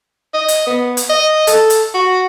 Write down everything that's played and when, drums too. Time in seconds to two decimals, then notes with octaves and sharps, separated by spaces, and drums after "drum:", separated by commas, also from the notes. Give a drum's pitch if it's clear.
0.34 D#5
0.48 drum: hi-hat
0.67 B3
0.97 drum: hi-hat
1.09 D#5
1.47 A4, drum: hi-hat
1.70 drum: hi-hat
1.94 F#4